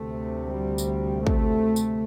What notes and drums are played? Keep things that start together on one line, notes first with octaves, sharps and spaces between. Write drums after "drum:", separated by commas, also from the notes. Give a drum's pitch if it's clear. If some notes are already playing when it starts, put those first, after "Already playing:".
Already playing: D2 C3 A3
G3
drum: tambourine
A3, drum: kick
drum: tambourine